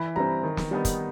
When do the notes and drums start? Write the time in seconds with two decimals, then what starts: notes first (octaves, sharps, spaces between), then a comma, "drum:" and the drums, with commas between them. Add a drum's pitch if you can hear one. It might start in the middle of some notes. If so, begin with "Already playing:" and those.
Already playing: E3 B5
0.16 G3 C4 A#5
0.43 D#3
0.57 drum: snare
0.71 G3 B3 D#4
0.85 drum: kick, hi-hat